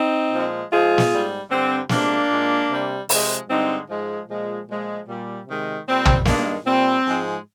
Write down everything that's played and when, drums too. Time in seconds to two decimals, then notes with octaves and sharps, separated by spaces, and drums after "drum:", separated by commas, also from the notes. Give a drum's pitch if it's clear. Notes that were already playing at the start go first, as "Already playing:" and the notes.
Already playing: C4 D#4
0.32 A#2 F3 G#3
0.70 G#2 F3 G#3 F4 G#4
0.98 drum: snare
1.10 G#2 G3
1.50 G2 D3 G3 C4
1.89 C3 F3 G#3 A#3 D4, drum: snare
2.30 A#2 G#3
2.70 C3 G3
3.09 C3 F3 G#3, drum: open hi-hat
3.49 G2 D3 G#3 C4 D#4
3.88 G#2 F3 G#3
4.28 A#2 F3 G#3
4.67 A#2 F3 G#3
5.08 A#2 G3
5.46 C3 D#3 G#3
5.86 A#2 G3 C4
6.05 drum: tom
6.25 G2 D#3 G#3 A#3 D4, drum: snare
6.65 A#2 G3 C4
7.05 G#2 F3 G#3